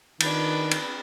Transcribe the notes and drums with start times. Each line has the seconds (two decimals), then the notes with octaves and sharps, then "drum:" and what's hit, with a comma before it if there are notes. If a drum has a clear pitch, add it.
0.20 D#3 D4 B4, drum: cymbal
0.71 drum: cymbal